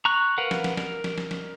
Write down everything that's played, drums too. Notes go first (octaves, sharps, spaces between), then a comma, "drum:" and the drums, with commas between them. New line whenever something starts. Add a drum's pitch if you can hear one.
A#5 C#6 F#6
A#4 B4 F5 F#5
drum: snare
drum: snare
A#4, drum: snare
drum: snare
drum: snare
drum: snare